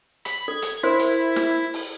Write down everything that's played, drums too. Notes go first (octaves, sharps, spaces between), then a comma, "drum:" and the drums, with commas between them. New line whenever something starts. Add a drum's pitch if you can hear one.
B5, drum: hi-hat
A4 G#6
drum: hi-hat
E4 A#4 C5 C6
drum: hi-hat
drum: snare
drum: open hi-hat